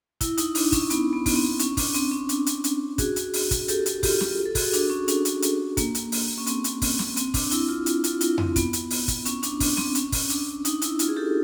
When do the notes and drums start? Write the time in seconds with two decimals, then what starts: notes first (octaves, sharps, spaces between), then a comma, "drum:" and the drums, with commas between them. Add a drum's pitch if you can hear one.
0.21 E4, drum: kick, hi-hat
0.37 D#4, drum: hi-hat
0.55 D4, drum: open hi-hat
0.72 C#4, drum: kick, hi-hat
0.90 B3, drum: hi-hat
1.13 B3
1.26 B3, drum: kick, open hi-hat
1.36 C4
1.59 C#4, drum: hi-hat
1.77 D4, drum: kick, open hi-hat
1.94 C4, drum: hi-hat
2.12 C#4
2.29 D4, drum: hi-hat
2.46 drum: hi-hat
2.64 drum: hi-hat
2.98 F#4 G#4, drum: kick, hi-hat
3.16 drum: hi-hat
3.33 drum: open hi-hat
3.51 drum: kick, hi-hat
3.68 G4 A4, drum: hi-hat
3.86 drum: hi-hat
4.03 F4 G4, drum: kick, open hi-hat
4.21 drum: snare
4.46 A4
4.55 F#4 G#4, drum: kick, open hi-hat
4.73 D4, drum: hi-hat
4.90 C#4
5.08 D4, drum: hi-hat
5.25 drum: hi-hat
5.42 drum: hi-hat
5.77 A#3, drum: kick, hi-hat
5.95 drum: hi-hat
6.12 drum: open hi-hat
6.38 C#4
6.47 C4, drum: hi-hat
6.64 drum: hi-hat
6.82 drum: kick, open hi-hat
6.99 drum: snare
7.17 C4, drum: hi-hat
7.34 D4, drum: kick, open hi-hat
7.51 E4, drum: hi-hat
7.69 F4
7.86 drum: hi-hat
8.04 F4, drum: hi-hat
8.21 E4, drum: hi-hat
8.38 C4, drum: tom F2
8.56 B3, drum: kick, hi-hat
8.73 drum: hi-hat
8.90 drum: open hi-hat
9.08 drum: kick, hi-hat
9.25 C#4, drum: hi-hat
9.43 D4, drum: hi-hat
9.60 D4, drum: kick, open hi-hat
9.77 C4, drum: snare
9.95 C#4, drum: hi-hat
10.12 drum: kick, open hi-hat
10.29 D4, drum: hi-hat
10.65 D#4, drum: hi-hat
10.82 E4, drum: hi-hat
10.99 F4, drum: hi-hat
11.08 G#4
11.17 G4 A4